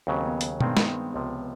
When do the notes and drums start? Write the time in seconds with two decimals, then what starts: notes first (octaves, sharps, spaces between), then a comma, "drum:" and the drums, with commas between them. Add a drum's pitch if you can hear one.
0.07 D#2 C#3 F#3 C4
0.25 B3
0.41 drum: hi-hat
0.61 G2 D#3 G#3 B3 C4, drum: tom B2
0.77 drum: snare
1.14 C#2 C3 F3